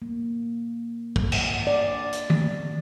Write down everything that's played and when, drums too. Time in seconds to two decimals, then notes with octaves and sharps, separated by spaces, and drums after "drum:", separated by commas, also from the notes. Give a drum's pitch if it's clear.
0.02 A#3
1.16 drum: kick
1.32 drum: cymbal
1.67 D5
2.13 drum: hi-hat
2.30 drum: tom